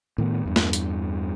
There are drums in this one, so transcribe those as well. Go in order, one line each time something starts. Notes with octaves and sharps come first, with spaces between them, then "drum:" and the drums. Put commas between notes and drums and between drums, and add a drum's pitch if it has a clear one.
A2 D#3 B3
E2 G2
drum: snare
drum: hi-hat